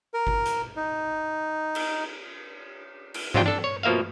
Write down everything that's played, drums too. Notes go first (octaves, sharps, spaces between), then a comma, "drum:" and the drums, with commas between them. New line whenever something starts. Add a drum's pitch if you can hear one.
A#4
drum: kick G1
drum: hi-hat
D#4
drum: cymbal
drum: cymbal
D#2 C3 F#3 D4 F4 G5, drum: tom G2
D4 A4
C#5
B2 F3 A#3 E5 F5